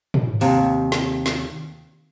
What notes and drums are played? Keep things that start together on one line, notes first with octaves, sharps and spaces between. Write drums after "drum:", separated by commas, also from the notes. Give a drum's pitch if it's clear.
drum: tom
D#2 C3, drum: open hi-hat
drum: snare
drum: snare